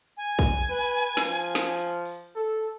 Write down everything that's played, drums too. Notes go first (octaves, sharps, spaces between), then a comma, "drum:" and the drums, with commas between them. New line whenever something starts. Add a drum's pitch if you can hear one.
G#5
drum: kick
B4
F3, drum: snare
drum: snare
drum: open hi-hat
A4